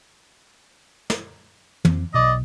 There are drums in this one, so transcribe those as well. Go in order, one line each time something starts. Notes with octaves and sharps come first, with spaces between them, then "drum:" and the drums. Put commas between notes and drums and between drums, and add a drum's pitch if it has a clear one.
drum: snare
F2 C4, drum: tom
B1 B2 D5 D#5